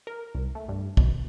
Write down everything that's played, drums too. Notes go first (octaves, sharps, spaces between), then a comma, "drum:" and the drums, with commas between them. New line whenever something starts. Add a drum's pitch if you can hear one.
A#4
C2
A3
G2
B2, drum: kick